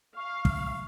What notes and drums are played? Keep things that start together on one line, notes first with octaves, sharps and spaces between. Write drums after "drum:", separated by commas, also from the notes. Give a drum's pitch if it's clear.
F5 C#6
drum: kick